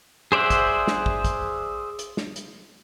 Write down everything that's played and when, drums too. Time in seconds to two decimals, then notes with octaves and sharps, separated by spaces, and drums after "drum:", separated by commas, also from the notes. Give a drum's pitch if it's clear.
0.32 G#4 C5 D5 E5 F#5
0.50 drum: kick, hi-hat
0.87 drum: snare
1.06 drum: kick
1.25 drum: kick, hi-hat
1.99 drum: hi-hat
2.17 drum: snare
2.36 drum: hi-hat